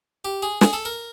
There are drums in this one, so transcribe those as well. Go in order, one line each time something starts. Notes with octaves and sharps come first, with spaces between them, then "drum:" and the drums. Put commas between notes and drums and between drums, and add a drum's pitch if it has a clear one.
G4
G#4
G#4, drum: snare
A4
A#4